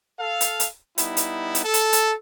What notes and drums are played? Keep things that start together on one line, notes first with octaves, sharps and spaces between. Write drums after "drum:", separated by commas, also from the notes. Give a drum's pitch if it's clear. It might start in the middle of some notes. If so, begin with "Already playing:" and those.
A4 F5
drum: hi-hat
drum: hi-hat
G3 B3 D#4 E4, drum: hi-hat
drum: hi-hat
drum: hi-hat
A4
drum: hi-hat
drum: hi-hat